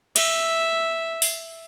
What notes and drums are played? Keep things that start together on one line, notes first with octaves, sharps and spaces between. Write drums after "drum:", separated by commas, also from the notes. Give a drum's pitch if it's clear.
E5, drum: cymbal
drum: open hi-hat